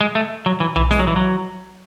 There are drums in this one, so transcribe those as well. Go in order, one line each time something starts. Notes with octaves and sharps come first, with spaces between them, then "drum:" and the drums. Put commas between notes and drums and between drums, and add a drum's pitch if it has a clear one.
G#3
A3
F#3
E3
E3, drum: tom B1
G#3, drum: snare
F#3
E3
F#3